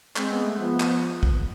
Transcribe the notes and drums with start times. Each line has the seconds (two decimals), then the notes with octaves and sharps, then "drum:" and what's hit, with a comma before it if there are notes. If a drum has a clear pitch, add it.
0.16 G#3 C4, drum: clap
0.30 B3
0.44 A3
0.59 F3 B3
0.80 drum: clap
1.23 drum: kick